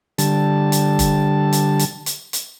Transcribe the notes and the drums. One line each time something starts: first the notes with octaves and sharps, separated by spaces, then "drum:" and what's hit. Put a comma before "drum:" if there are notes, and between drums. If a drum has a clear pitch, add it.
D3 G3 A5, drum: hi-hat
drum: hi-hat
drum: kick F1, hi-hat
drum: hi-hat
drum: hi-hat
drum: hi-hat
drum: hi-hat